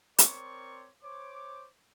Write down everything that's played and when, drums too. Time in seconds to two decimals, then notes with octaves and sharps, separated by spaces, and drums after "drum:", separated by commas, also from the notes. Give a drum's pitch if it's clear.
0.18 C4 A#4 C#5 D5 C6 C#6, drum: hi-hat
1.03 C5 C#5 D6